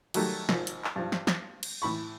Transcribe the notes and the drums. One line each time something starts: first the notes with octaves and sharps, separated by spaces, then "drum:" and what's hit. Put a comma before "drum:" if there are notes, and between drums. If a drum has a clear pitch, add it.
D#3 F#3 G3 A3, drum: cymbal
G#1 F3, drum: snare
drum: hi-hat
drum: clap
G2 F3
drum: snare
drum: snare
drum: cymbal
A2 E3 B5 C#6